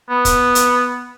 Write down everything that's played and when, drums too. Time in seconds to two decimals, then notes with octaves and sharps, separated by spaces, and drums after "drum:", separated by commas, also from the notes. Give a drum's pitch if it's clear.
0.10 B3
0.25 drum: kick, hi-hat
0.55 drum: hi-hat